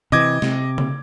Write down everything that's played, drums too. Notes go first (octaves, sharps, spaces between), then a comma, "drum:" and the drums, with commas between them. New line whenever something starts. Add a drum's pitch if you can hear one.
C3 E3 D#5 D6 G#6
C3, drum: snare
drum: tom C#3